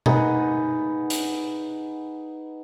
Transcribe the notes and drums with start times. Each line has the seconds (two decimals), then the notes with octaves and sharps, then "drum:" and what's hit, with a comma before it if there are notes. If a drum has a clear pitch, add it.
0.06 D#4 G#4 B4 F#5, drum: tom B2
1.10 drum: hi-hat